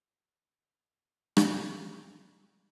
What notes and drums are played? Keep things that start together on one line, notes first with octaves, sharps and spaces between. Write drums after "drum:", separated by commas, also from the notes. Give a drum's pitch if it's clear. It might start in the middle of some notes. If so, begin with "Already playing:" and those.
drum: rim click
C4 F4 F#4 G#4 A#4 B4